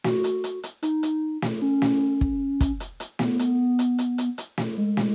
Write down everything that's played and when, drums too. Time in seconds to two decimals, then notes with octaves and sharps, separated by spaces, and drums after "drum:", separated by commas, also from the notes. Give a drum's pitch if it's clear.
0.04 F#4, drum: snare
0.24 drum: hi-hat
0.44 drum: hi-hat
0.63 drum: hi-hat
0.83 D#4, drum: hi-hat
1.03 drum: hi-hat
1.42 drum: snare
1.61 C#4
1.82 drum: snare
2.21 drum: kick
2.60 drum: kick, hi-hat
2.80 drum: hi-hat
3.00 drum: hi-hat
3.19 B3, drum: snare
3.39 drum: hi-hat
3.79 drum: hi-hat
3.98 drum: hi-hat
4.18 drum: hi-hat
4.38 drum: hi-hat
4.58 drum: snare
4.77 G#3
4.97 drum: snare